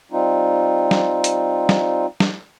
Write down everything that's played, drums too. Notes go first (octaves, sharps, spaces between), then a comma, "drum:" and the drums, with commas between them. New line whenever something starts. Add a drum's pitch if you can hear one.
G3 C4 D#4 F4
drum: snare
drum: hi-hat
drum: snare
drum: snare